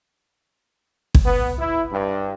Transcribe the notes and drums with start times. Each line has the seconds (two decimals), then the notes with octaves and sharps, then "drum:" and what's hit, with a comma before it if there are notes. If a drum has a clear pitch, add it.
1.15 drum: kick
1.26 B3
1.59 E4
1.92 G2